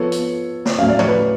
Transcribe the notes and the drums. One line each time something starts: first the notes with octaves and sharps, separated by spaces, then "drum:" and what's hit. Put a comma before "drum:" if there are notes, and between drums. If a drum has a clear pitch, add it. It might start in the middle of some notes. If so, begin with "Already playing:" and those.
Already playing: F3 B3 A4 C#5
drum: hi-hat
drum: snare
A2 F#3 A3 C#4 F5
D5
C#5, drum: tom
B4 D5